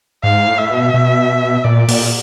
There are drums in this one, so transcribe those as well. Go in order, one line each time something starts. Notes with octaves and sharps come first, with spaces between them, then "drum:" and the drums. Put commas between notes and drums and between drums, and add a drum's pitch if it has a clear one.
G#2 F5
A2
E5
B2
B2
A#2 D5
A#2, drum: open hi-hat